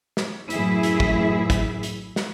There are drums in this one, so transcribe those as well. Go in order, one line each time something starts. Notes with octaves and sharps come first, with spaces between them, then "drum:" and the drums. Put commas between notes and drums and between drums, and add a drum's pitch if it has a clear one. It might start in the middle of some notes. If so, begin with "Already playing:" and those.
drum: snare
F#2 A2 E3 E4 G#4 E5, drum: hi-hat
drum: hi-hat
drum: kick
drum: kick, hi-hat
drum: hi-hat
drum: snare